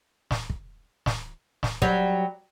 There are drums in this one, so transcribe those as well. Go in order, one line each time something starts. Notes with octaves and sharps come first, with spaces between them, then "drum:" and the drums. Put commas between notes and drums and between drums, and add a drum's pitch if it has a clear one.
drum: snare
drum: kick
drum: snare
drum: snare
F#3 G3, drum: kick